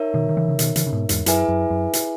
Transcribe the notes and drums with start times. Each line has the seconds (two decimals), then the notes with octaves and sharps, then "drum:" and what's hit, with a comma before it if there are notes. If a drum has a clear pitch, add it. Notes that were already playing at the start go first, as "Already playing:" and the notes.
Already playing: D#4 A#4 C#5 E5
0.14 B2 D#3
0.29 D#3
0.37 C#3 E3
0.49 C#3
0.59 B2 D#3, drum: hi-hat
0.76 C#3 E3, drum: hi-hat
0.87 C#3
0.92 G#2 B2
1.09 E2 G#2, drum: hi-hat
1.26 F#2 E4 G#4 B4 E5 G#5, drum: hi-hat
1.48 F#2
1.70 F#2
1.93 drum: hi-hat